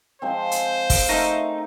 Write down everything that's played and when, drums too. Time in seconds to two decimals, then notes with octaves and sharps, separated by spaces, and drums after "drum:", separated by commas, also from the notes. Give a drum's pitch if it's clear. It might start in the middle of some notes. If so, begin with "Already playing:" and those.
0.22 F3 G#3 C4 C5
0.51 drum: hi-hat
0.90 drum: kick, open hi-hat
1.09 A3 D#4 A#4 E5